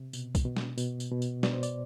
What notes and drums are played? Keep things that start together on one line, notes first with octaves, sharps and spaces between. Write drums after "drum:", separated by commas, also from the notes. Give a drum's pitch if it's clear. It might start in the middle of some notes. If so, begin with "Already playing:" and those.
Already playing: C3
B2, drum: tambourine
drum: kick, tambourine
B2
drum: snare
B2, drum: tambourine
drum: tambourine
B2
drum: tambourine
B2 D5, drum: snare
C5
D5, drum: tambourine